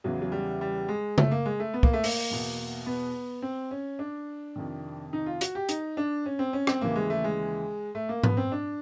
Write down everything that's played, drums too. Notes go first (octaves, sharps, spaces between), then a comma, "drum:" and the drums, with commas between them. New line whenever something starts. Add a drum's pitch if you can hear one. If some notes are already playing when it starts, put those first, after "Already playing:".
E2 C#3 E3 F#3
F#3
G3
G3
G#3
A3, drum: tom C#3
A#3
G#3
A3
B3
A#3, drum: kick
A3
A#3, drum: open hi-hat
E2 B2
B3
C4
C#4
D4
F2 C3 D#3
D#4
F4
F#4, drum: hi-hat
G4
D#4, drum: hi-hat
D4
C#4
C4
C#4
C4, drum: rim click
D#2 C#3 E3 A#3
G#3
A3
G#3
A3
A#3
B3, drum: tom G#2
C4
D4